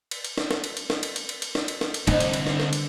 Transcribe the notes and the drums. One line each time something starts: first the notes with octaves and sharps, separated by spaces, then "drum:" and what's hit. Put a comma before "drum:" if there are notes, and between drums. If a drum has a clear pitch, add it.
drum: cymbal
drum: cymbal
drum: snare
drum: snare
drum: cymbal
drum: cymbal
drum: snare
drum: cymbal
drum: cymbal
drum: cymbal
drum: cymbal
drum: snare
drum: cymbal
drum: snare
drum: cymbal
C2 D3 D4 C5 D#5, drum: cymbal
drum: cymbal
drum: cymbal
drum: snare
drum: snare
drum: cymbal